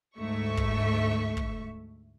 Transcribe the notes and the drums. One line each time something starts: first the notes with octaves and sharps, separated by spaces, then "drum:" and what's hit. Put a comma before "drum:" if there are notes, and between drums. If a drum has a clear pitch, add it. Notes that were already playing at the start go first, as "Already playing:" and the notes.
D2 G#2 A3 E5 C#6
drum: kick
drum: kick